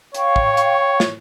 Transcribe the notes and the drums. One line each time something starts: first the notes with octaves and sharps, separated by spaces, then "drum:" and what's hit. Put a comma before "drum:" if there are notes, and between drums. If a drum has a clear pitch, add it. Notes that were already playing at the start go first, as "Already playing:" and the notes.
C#5 F5 G5 C#6, drum: hi-hat
drum: kick
drum: hi-hat
drum: snare